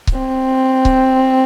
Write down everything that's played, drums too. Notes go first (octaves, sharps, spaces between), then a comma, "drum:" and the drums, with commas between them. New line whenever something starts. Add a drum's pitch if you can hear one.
drum: kick C#1
C4
drum: kick C#1